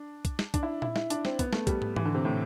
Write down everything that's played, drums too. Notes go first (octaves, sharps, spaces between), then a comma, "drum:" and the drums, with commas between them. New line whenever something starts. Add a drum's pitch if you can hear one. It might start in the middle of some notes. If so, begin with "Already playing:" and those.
Already playing: D4
drum: kick, hi-hat
drum: snare
D4, drum: kick, hi-hat
E4
E4, drum: tom A#2
E4, drum: snare
D4, drum: hi-hat
C4, drum: snare
B3, drum: kick, hi-hat
A3, drum: snare
G3, drum: kick, hi-hat
drum: tom
E3, drum: tom G#2
D3
C3
A2